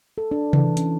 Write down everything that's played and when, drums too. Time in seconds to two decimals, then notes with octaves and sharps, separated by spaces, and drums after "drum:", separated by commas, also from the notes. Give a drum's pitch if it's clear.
0.18 A4
0.31 D4
0.53 E3, drum: tom C3
0.77 C#4, drum: hi-hat